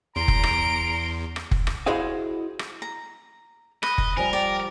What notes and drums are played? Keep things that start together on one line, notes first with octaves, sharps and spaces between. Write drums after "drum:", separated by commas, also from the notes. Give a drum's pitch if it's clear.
E2 A#5 C6 D7
drum: kick F1
drum: rim click
drum: rim click
drum: kick F1
drum: rim click
E4 F#4 G#4 C5 D#5 F5
drum: rim click
A#5
B4 D#5, drum: rim click
drum: kick F1
F3 G3 A#4 G#5
D5 G5